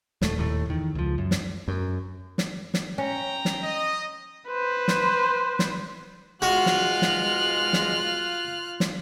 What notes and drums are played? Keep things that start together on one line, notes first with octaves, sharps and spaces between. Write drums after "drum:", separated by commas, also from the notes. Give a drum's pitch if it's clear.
D#1 A3, drum: snare
D#1 D#2 A2 A3
E2 D#3
C#2 F3
F#2
drum: snare
F#2
drum: snare
drum: snare
C#4 G5 A#5
drum: snare
D#5
B4 C5
drum: snare
drum: snare
G#2 B2 G#3 F4 F#4 F6 F#6
drum: snare
drum: snare
drum: snare
drum: snare